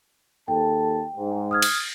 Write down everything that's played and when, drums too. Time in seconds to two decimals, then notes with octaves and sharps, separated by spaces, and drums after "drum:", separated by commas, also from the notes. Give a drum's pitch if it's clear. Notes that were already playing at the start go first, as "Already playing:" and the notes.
0.48 D#2 A4 G5 A5
1.16 G#2
1.51 D#6 F6 G#6
1.62 drum: cymbal